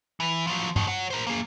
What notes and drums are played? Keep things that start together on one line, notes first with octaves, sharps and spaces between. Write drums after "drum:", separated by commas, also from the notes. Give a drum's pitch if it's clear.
E3
F3 F#3
B2 D#3, drum: tom G2
C#5 F#5
A#4 C5
A#3 G#4